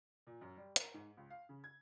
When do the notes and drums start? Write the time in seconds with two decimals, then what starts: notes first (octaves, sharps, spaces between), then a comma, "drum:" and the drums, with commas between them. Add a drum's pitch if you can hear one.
0.27 A#2
0.41 F#2
0.57 G3
0.76 A#4, drum: hi-hat
0.94 G#2
1.17 C#2
1.30 F5
1.49 C#3
1.64 G#6